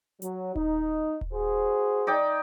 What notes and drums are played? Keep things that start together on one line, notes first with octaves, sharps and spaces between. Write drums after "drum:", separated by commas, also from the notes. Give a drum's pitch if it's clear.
F#3, drum: hi-hat
D#4, drum: kick D#1
drum: kick D#1
F#4 G#4 C5
D#4 D5 G5